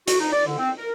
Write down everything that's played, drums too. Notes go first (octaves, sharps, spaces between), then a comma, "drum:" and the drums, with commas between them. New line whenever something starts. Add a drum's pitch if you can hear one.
F#4, drum: hi-hat
D#4
D5
D3
C4
A#4